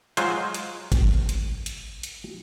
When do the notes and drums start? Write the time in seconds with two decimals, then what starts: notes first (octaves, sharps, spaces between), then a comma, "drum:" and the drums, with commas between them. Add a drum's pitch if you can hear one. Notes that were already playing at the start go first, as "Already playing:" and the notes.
0.17 F#3 G#3 F4 F#4 C5, drum: hi-hat
0.54 drum: hi-hat
0.92 drum: kick G1, hi-hat
1.29 drum: hi-hat
1.66 drum: hi-hat
2.03 drum: hi-hat